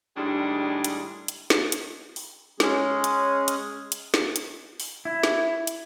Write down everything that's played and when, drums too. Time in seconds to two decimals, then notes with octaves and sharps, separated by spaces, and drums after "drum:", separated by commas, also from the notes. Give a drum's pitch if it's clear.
0.16 A2 D#3 G3 G#3 D4 G#4
0.84 drum: hi-hat
1.28 drum: hi-hat
1.50 drum: snare
1.72 drum: hi-hat
2.16 drum: open hi-hat
2.60 G#3 C#4 G#4, drum: snare
3.04 drum: hi-hat
3.48 drum: hi-hat
3.92 drum: hi-hat
4.14 drum: snare
4.36 drum: hi-hat
4.80 drum: open hi-hat
5.05 E4
5.23 drum: snare
5.67 drum: hi-hat